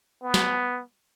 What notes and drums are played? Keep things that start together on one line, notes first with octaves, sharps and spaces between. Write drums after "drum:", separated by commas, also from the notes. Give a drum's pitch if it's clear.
B3
drum: snare